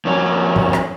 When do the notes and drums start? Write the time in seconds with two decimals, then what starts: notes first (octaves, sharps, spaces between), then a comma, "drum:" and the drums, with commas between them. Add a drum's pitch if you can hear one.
0.05 F2 C#4
0.56 drum: kick
0.73 drum: rim click